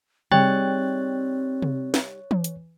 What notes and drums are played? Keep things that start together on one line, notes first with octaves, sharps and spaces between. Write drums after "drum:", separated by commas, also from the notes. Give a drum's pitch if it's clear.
G3 C4 D#4 G#4 C#5 G5 F#6 A6, drum: tom C3
drum: tom C3
drum: snare
drum: tom E3
drum: hi-hat